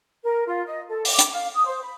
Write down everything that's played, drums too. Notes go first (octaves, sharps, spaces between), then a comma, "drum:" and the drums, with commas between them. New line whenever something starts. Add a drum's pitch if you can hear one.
A#4
F4
D#5
A4
D6, drum: open hi-hat
drum: hi-hat
F5
D#6
C5
B5